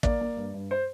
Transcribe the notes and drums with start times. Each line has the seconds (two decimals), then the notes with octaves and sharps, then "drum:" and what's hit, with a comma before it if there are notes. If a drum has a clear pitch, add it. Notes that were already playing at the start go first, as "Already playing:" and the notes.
0.03 A#3 D5, drum: kick
0.21 A#3
0.37 G2
0.54 G2
0.71 C5